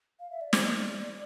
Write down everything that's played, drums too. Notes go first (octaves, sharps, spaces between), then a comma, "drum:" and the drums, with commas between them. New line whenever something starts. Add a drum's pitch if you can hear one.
F5
E5
D5
C5, drum: snare
D5